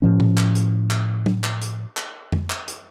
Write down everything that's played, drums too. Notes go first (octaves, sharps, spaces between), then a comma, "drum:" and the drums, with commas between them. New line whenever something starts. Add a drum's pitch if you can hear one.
A2 F3 C#4
drum: tom
drum: clap
drum: hi-hat
drum: clap
drum: tom
drum: clap
drum: hi-hat
drum: clap
drum: tom F2
drum: clap
drum: hi-hat